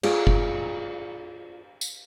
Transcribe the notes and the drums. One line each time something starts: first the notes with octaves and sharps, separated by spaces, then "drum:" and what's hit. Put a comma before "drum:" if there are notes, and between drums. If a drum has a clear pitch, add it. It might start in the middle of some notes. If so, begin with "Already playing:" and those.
F4 G#4 D5, drum: cymbal
drum: kick F#1
drum: tambourine